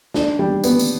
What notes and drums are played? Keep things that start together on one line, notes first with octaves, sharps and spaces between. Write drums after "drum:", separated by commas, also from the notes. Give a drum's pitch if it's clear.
D4, drum: snare
G3
B3, drum: tambourine
drum: tambourine